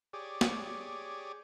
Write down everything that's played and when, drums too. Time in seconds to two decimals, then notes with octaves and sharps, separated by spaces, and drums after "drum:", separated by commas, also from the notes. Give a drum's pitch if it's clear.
0.13 G4 G#4 C#5 D5
0.41 drum: snare